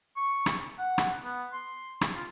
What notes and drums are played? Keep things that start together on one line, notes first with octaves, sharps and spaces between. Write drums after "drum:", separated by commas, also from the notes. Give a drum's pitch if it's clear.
C#6
drum: rim click
F#5
drum: rim click
B3
C6
drum: rim click
F4